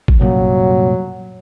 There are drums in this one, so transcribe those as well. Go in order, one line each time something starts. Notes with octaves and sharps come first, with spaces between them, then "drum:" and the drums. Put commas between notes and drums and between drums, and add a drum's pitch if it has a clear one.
drum: kick G#1
C2 F#2 A#2 F#3